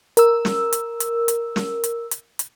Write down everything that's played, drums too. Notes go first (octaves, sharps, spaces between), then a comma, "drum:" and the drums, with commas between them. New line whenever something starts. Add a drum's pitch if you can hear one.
A#4 E6, drum: hi-hat
drum: snare
drum: hi-hat
drum: hi-hat
drum: hi-hat
drum: snare
drum: hi-hat
drum: hi-hat
drum: hi-hat